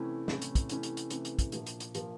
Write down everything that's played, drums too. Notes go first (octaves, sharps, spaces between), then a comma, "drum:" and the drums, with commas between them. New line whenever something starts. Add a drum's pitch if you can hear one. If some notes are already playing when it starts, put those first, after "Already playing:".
Already playing: C3 E3 A3 C#4 E4
C3 E3 A3 C#4 E4, drum: snare
drum: hi-hat
drum: kick, hi-hat
C3 E3 A3 C#4 E4, drum: hi-hat
drum: hi-hat
drum: hi-hat
C3 E3 A3 C#4 E4, drum: hi-hat
drum: hi-hat
drum: kick, hi-hat
A#1 A#2 F3 A#3, drum: hi-hat
drum: hi-hat
drum: hi-hat
A#2 F3 A#3, drum: hi-hat